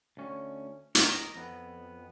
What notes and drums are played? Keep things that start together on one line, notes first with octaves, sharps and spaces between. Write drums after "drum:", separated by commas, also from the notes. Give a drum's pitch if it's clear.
D2 C#4
D#4 A#4, drum: hi-hat
F2 B3